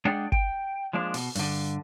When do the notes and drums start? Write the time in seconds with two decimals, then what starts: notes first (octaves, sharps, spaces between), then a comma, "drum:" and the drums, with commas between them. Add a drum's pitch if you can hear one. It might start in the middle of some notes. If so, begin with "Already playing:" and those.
0.05 G#3 D4 G#4 D5 F#5 G5
0.32 G5, drum: kick G1
0.93 F3 G#3 A#3 D4
1.14 B2, drum: open hi-hat
1.35 G2 D3, drum: open hi-hat